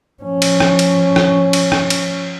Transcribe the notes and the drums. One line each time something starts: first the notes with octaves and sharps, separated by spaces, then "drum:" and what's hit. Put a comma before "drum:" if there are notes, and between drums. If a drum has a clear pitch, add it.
F3 C#4
drum: cymbal
drum: rim click
drum: cymbal
drum: rim click
drum: cymbal
drum: rim click
drum: cymbal